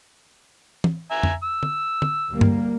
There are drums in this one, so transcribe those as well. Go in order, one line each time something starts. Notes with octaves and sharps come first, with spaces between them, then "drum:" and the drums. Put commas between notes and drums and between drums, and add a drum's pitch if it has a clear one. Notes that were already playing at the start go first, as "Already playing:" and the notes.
drum: tom
E5 G#5 A#5
drum: tom F2
E6
drum: tom
drum: tom
D2 G3 A#3
drum: tom G2